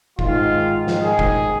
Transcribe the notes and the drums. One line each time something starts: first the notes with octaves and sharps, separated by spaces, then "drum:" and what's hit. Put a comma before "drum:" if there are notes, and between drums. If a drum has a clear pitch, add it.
G#2 D#3 F4, drum: kick F#1
drum: snare
G#4
drum: kick F#1